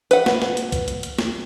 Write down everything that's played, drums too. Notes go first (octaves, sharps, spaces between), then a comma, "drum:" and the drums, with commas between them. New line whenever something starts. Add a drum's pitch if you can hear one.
B4 F#5, drum: hi-hat
drum: snare
drum: snare
drum: hi-hat
drum: kick B1, hi-hat
drum: hi-hat
drum: hi-hat
drum: snare